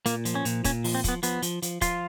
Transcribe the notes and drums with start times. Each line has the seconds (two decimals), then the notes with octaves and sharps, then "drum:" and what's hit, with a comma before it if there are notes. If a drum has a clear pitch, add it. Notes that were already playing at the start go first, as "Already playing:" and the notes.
0.06 A#2 A#3, drum: hi-hat
0.25 F3, drum: hi-hat
0.35 C#4
0.45 A#2, drum: hi-hat
0.64 A#2 C#4, drum: kick, hi-hat
0.84 F3, drum: open hi-hat
0.95 C4
1.04 F3 B3, drum: kick, hi-hat
1.23 F3 B3, drum: hi-hat
1.42 F3, drum: hi-hat
1.62 F3, drum: hi-hat
1.81 F3 F4, drum: kick, hi-hat